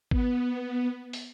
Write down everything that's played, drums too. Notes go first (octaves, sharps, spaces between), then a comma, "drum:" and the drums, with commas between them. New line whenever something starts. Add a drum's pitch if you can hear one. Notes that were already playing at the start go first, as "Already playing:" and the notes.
B3, drum: kick G#1
drum: open hi-hat